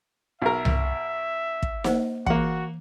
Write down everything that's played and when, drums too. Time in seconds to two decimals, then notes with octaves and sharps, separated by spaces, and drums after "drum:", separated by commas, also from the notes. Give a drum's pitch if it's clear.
0.42 B1 A#4 E5
0.65 drum: tom C2
1.63 drum: kick
1.84 A#3 C5 F#5, drum: snare
2.26 E3 A#3 F#4 F#5, drum: kick